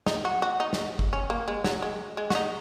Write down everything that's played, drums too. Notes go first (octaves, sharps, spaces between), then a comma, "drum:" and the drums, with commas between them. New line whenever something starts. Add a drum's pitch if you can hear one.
D#4, drum: snare
F#4
F#4
D#4
drum: snare
drum: kick G1
C#4
A#3
G#3
F#3, drum: snare
G#3
G#3
F#4, drum: snare
D#4